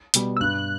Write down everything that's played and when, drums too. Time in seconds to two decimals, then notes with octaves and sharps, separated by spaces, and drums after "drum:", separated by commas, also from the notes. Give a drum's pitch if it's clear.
0.14 B2 G3, drum: hi-hat
0.37 E6
0.40 G2 F#6